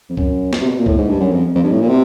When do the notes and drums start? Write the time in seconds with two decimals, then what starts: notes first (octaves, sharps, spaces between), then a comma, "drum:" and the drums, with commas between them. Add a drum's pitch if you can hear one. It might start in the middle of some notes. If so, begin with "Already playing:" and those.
0.09 F2
0.17 F#2, drum: kick
0.53 B2, drum: snare
0.61 C3
0.69 B2
0.78 A#2
0.86 A2, drum: kick
0.98 G#2
1.09 G2
1.20 F#2
1.32 F2
1.55 F2
1.64 G2
1.72 A2
1.81 A#2
1.89 C3